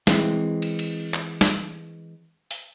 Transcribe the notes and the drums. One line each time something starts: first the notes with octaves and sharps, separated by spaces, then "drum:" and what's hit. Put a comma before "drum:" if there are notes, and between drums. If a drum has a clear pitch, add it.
E3 G#3 C4, drum: snare
drum: cymbal
drum: cymbal
drum: clap
drum: snare
drum: open hi-hat